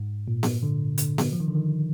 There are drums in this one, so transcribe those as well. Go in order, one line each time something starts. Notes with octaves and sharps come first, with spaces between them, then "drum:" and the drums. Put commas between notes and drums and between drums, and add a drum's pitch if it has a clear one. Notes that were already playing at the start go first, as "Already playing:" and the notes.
Already playing: G#2
A#2
drum: snare B3
D3
D3, drum: hi-hat
drum: snare B3
F3
D#3
D3
D#3